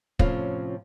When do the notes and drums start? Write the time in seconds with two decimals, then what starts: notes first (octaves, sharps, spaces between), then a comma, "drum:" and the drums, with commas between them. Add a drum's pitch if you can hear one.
0.19 A2 C3 F3 C#4 F4, drum: kick